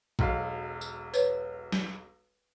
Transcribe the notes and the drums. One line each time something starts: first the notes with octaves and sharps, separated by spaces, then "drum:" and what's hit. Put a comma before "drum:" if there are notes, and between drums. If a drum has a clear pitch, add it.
E1 B1 F5, drum: kick
drum: tambourine
B4 C#5, drum: tambourine
drum: snare